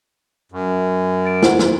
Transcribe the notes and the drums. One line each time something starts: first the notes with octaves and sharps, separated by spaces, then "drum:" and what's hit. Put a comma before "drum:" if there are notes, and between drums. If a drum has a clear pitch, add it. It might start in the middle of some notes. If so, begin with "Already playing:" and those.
F#2
A6 D7
F4 C5 F#5, drum: snare
drum: snare